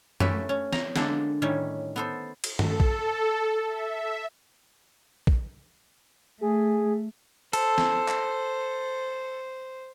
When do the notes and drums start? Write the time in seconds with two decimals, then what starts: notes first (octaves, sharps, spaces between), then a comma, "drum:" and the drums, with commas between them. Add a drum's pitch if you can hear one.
0.20 A3 C#4 G4 A4 B4, drum: tom F#2
0.49 C#4
0.73 A#5, drum: snare
0.96 D3 G#3 A#3 D4 A4, drum: snare
1.42 A2 D#3 G3 C#4
1.96 B3 A4 C5
2.44 drum: cymbal
2.59 A4, drum: tom
2.80 drum: kick
3.67 E5
5.27 drum: kick
6.41 A3 G#4
7.53 A4 C5, drum: cymbal
7.78 drum: snare
8.08 drum: clap